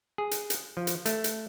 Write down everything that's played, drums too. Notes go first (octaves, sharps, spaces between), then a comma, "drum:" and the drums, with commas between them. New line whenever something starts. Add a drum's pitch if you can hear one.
G#4
drum: hi-hat
drum: hi-hat
F3
drum: hi-hat
A3, drum: hi-hat
drum: hi-hat